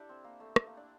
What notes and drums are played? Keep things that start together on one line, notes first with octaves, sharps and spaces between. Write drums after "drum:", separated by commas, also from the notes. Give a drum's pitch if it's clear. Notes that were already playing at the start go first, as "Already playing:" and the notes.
Already playing: D4 E4 G4 A4
C4
A#3
A3
A3, drum: rim click
A#3
D4